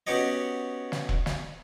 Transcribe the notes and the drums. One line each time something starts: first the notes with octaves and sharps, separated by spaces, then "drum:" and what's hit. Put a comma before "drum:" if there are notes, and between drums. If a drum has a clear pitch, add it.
B3 C#4 F#4 G4 C#5 D#5
drum: snare
drum: kick E1
drum: snare